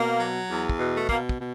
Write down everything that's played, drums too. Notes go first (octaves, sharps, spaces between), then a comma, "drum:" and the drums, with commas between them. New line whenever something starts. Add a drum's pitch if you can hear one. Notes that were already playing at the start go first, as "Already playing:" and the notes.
Already playing: B2 A#3
F#3
E2
drum: kick
B2
A3
B2 A#3, drum: kick
drum: kick
B2